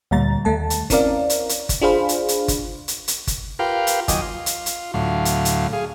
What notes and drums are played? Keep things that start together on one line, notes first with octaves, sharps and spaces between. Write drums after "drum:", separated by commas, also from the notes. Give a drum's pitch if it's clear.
D2 A#2 G3 A#5 A6
D#2 A3 A5
drum: hi-hat
C4 C#4 E4 A#4 D5 F5, drum: kick G1, hi-hat
drum: hi-hat
drum: hi-hat
drum: kick G1, hi-hat
D4 F4 G#4 C5 F5 B5
drum: hi-hat
drum: hi-hat
drum: kick G1, hi-hat
drum: hi-hat
drum: hi-hat
drum: kick G1, hi-hat
F4 G4 A#4 B4 F5 G5
drum: hi-hat
D#2 F#3 D#5 G5 G#5 D6, drum: kick G1, hi-hat
F4
drum: hi-hat
drum: hi-hat
D2 A2 F#3 F5
drum: hi-hat
drum: hi-hat
G#4 F5